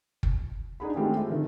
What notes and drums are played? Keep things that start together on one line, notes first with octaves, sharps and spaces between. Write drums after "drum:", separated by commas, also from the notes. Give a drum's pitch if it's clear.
drum: kick
D4 D#4 G#4 F#5 B5
D#3 G#3 A3 C4 F4 G4
E5
D3 D#3